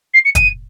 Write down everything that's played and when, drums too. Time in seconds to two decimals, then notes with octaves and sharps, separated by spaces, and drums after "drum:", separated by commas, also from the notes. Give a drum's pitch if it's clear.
0.14 C7
0.25 C#7
0.35 D#7, drum: kick, hi-hat